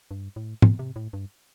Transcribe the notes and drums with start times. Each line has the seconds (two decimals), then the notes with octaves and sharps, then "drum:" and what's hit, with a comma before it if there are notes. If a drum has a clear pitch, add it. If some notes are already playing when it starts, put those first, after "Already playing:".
0.11 G2
0.36 A2
0.62 A#2, drum: tom G#2
0.79 C3
0.96 A2
1.13 G2